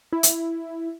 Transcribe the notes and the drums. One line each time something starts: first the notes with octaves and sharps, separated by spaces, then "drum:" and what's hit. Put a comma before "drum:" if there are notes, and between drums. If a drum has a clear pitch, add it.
E4
drum: hi-hat